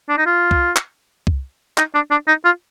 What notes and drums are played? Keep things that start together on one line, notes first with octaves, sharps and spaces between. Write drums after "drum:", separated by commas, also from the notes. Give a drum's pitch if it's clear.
D4
D#4
F4
drum: kick C2
drum: clap
drum: kick C2
D#4, drum: clap
D4
D4
D#4
F4